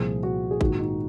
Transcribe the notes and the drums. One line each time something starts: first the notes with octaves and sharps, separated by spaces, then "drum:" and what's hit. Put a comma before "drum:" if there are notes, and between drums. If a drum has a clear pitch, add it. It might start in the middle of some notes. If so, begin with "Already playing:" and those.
Already playing: C2 A#2 F3 G#4
F#4
G#4
A#1 G#2 D#3 F#4, drum: kick A1
D#4